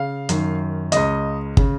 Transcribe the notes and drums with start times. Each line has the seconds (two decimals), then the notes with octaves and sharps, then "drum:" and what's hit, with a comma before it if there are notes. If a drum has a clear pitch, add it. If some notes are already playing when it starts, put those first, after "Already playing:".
Already playing: C#3 F5
0.29 F#2 D#3, drum: hi-hat
0.92 C#2 C#3 D#5, drum: hi-hat
1.57 C#3, drum: kick